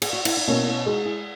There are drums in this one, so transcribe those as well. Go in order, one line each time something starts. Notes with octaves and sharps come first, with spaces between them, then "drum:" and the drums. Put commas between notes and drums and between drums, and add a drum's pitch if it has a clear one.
G#4, drum: cymbal
F#4
E4, drum: cymbal
D#4
B2 A#3 C#4
C#4 E4
G#3 D#4 F#4
E4 G#4